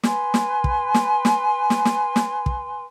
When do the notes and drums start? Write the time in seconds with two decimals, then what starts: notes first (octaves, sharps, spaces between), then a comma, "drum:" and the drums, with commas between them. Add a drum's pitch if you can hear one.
0.03 B4 G#5 C6, drum: snare
0.34 drum: snare
0.64 drum: kick
0.94 drum: snare
1.25 drum: snare
1.70 drum: snare
1.85 drum: snare
2.16 drum: snare
2.46 drum: kick